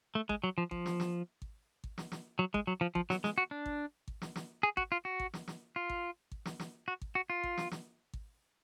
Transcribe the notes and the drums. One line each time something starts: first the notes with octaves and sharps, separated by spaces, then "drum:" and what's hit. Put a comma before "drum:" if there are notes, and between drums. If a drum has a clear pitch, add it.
A3
G#3, drum: kick G#1
F#3
F3
F3, drum: kick G#1
drum: snare
drum: snare
drum: kick G#1
drum: kick G#1
drum: snare
drum: snare
F#3
G#3, drum: kick G#1
F#3
F3
F3, drum: kick G#1
F#3, drum: snare
G#3, drum: snare
F#4
D4
drum: kick G#1
drum: kick G#1
drum: snare
drum: snare
G#4
F#4, drum: kick G#1
F4
F#4
drum: kick G#1
drum: snare
drum: snare
F4
drum: kick G#1
drum: kick G#1
drum: snare
drum: snare
F#4
drum: kick G#1
F#4
F4
drum: kick G#1
drum: snare
drum: snare
drum: kick G#1